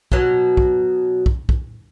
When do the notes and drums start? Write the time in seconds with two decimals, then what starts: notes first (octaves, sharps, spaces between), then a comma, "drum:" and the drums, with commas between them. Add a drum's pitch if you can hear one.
0.12 B2 F#3, drum: kick
0.57 drum: kick
1.26 drum: kick
1.49 drum: kick